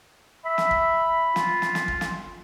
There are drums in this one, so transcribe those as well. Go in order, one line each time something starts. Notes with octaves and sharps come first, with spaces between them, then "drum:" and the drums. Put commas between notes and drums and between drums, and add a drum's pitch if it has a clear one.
E5 B5
drum: snare
drum: kick
F4, drum: snare
drum: snare
drum: snare
drum: kick
drum: snare